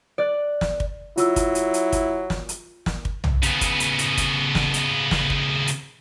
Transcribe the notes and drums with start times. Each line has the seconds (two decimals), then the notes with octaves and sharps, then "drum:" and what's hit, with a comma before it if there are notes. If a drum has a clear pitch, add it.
0.18 D5 F#6
0.61 drum: snare
0.80 drum: kick
1.17 F#3 E4 F4 E6, drum: hi-hat
1.36 drum: kick, hi-hat
1.55 drum: hi-hat
1.74 drum: hi-hat
1.92 drum: kick, hi-hat
2.30 drum: snare
2.49 drum: hi-hat
2.86 drum: snare
3.05 drum: kick
3.24 drum: tom B1
3.43 C#3 B3, drum: hi-hat
3.61 drum: kick, hi-hat
3.80 drum: hi-hat
3.99 drum: hi-hat
4.17 drum: kick, hi-hat
4.55 drum: snare
4.74 drum: hi-hat
5.11 drum: snare
5.30 drum: kick
5.67 drum: hi-hat